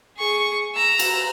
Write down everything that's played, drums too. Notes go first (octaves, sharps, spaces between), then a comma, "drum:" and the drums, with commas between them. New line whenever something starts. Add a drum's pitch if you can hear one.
G#4 C#6
A#5 E6
drum: cymbal